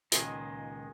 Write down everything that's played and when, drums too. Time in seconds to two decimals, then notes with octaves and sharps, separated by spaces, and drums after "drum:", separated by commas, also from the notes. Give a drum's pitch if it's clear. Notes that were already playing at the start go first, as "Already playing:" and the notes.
0.12 C#2 A#2 D#3 G#3, drum: hi-hat